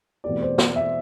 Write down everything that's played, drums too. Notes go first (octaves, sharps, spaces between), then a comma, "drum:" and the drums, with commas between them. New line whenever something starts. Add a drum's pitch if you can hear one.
E2 B2 A3 C4 G4 D5
C5
D5, drum: snare
E5